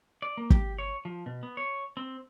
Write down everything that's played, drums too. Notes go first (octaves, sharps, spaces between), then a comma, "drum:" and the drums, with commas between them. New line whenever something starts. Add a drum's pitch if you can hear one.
D5
A#3
G4, drum: kick
C#5
F3
B2
B3
C#5
C4